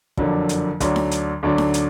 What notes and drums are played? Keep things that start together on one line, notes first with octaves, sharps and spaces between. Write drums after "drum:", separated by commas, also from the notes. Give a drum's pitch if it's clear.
F#1 F2 D3 F#3 D4, drum: kick
drum: hi-hat
D2 D3 F#3 D4, drum: kick, hi-hat
drum: snare D#4
drum: hi-hat
D2 D3 F#3 D4
drum: snare D#4
drum: hi-hat